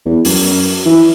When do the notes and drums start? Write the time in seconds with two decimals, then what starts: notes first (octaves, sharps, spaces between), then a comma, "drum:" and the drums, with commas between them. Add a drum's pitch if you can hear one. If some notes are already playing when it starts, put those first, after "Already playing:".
0.05 E2
0.25 F#2, drum: open hi-hat
0.86 E3